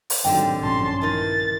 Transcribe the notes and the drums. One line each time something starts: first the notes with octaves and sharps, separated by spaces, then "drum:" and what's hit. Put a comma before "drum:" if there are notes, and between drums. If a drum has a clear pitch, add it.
drum: open hi-hat
G#2 D3 D#3 F#3 G3 C4 G5
A#1 G2 C#4 A5 C6
D#3 E3 D#4 A6